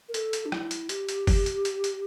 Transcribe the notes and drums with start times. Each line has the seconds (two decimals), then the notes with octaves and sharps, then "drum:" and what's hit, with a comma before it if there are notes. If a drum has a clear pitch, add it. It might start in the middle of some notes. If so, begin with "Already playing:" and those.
0.09 A#4
0.14 A4, drum: hi-hat
0.33 drum: hi-hat
0.46 D4
0.52 E4, drum: rim click
0.71 drum: hi-hat
0.89 G4, drum: hi-hat
1.09 drum: hi-hat
1.27 drum: kick F#1, open hi-hat
1.46 drum: hi-hat
1.65 drum: hi-hat
1.84 drum: hi-hat